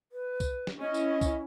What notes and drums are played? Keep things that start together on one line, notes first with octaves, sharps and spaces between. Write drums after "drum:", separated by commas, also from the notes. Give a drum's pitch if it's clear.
B4
drum: kick, tambourine
drum: snare
C#4 E4 D#5
drum: tambourine
drum: kick, tambourine